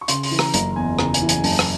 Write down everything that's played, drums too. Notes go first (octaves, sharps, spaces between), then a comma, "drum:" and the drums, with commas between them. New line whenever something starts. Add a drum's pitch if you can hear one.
C#6
C#3 C6, drum: hi-hat
C6, drum: open hi-hat
E3
A#5, drum: rim click
F#1 A#5, drum: hi-hat
E2 G#5
C#3 A#5, drum: rim click
G#5, drum: hi-hat
E3
G#5, drum: hi-hat
F#1 A5, drum: open hi-hat
drum: rim click